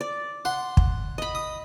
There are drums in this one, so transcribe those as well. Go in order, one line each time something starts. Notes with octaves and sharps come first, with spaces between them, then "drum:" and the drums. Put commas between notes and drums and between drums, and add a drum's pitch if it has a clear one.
D5
F#5 C6
drum: kick
D#5 B5
D#6